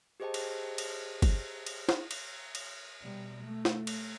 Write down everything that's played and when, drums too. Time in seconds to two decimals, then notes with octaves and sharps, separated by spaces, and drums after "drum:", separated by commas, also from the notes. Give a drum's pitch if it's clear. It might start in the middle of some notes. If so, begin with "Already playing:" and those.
0.20 G4 G#4 C5 D#5 G5 A5
0.34 drum: cymbal
0.78 drum: cymbal
1.22 drum: kick G1, cymbal
1.67 drum: cymbal
1.89 drum: snare E4
2.11 drum: cymbal
2.55 drum: cymbal
3.03 B2 G3
3.43 A3
3.65 drum: snare E4
3.87 drum: cymbal